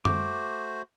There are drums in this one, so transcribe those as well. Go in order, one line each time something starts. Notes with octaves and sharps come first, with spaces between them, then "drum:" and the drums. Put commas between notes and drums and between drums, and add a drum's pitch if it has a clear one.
A3 F#4 C5 D6, drum: tom F#2